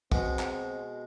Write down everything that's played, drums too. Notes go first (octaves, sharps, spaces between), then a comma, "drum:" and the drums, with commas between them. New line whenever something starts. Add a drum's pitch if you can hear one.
B2 G#3 C4 F#5, drum: kick
drum: clap